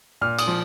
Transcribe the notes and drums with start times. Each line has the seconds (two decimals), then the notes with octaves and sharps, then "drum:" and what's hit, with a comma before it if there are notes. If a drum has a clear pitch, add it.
0.21 A#2 F6
0.39 D#6, drum: cymbal
0.48 F3